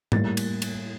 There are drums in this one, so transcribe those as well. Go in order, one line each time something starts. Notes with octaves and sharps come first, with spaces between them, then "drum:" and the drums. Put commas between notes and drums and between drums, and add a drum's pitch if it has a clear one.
A2 G3 A#3 A6, drum: tom G#2
drum: cymbal
drum: cymbal